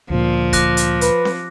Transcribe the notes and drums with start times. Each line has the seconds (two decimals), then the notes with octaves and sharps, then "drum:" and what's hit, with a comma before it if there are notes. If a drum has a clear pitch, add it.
0.10 D2 A#2 F3
0.53 D6 F#6 A#6, drum: kick, hi-hat
0.77 drum: hi-hat
1.01 B4, drum: hi-hat
1.25 drum: snare C4